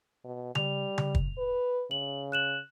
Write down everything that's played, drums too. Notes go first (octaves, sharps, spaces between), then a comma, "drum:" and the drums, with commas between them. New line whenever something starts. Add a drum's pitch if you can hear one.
B2
G3 F7, drum: tom C#3
drum: tom C#3
drum: kick
B4
C#3 F#7
F#6 E7 F#7